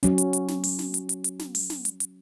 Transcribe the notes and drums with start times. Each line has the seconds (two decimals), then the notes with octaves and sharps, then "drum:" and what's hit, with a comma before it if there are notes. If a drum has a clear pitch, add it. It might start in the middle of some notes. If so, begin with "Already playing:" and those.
0.03 F#3 C#4, drum: hi-hat
0.18 drum: hi-hat
0.33 drum: hi-hat
0.48 drum: snare
0.64 drum: open hi-hat
0.79 drum: snare
0.94 drum: hi-hat
1.09 drum: hi-hat
1.24 drum: hi-hat
1.39 drum: snare
1.55 drum: open hi-hat
1.70 drum: snare
1.85 drum: hi-hat
2.00 drum: hi-hat